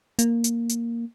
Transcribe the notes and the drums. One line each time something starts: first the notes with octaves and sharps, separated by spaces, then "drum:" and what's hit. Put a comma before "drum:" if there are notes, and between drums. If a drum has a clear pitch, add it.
A#3, drum: hi-hat
drum: hi-hat
drum: hi-hat